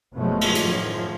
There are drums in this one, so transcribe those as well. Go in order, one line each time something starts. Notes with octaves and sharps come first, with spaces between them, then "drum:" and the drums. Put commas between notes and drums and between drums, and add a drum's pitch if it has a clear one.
F#1 B2 F3 F#3 G#3 A3
drum: cymbal
F#2 A2 D#3 F3, drum: hi-hat